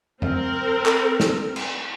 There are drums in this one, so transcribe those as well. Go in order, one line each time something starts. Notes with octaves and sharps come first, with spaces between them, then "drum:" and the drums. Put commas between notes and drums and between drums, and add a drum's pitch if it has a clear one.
C4 A#4, drum: tom F2
drum: clap
drum: snare
drum: cymbal